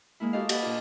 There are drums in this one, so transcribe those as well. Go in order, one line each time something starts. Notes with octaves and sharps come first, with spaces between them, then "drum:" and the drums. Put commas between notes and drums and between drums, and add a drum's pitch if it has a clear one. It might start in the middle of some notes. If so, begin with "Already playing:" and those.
G#3 A#3 E4
F#4 G4 A4 C5 D#5 F5
G4 B4, drum: cymbal
A#2 D4 F4